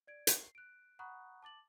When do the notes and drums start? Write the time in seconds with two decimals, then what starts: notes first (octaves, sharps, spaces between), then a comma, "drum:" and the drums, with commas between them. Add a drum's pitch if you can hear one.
0.07 D5 G#6 D7
0.27 C7, drum: hi-hat
0.55 F#6 D7
0.99 F#5 A#5 B5 C#6 D#6 F#6
1.43 A5 D6 A6 F#7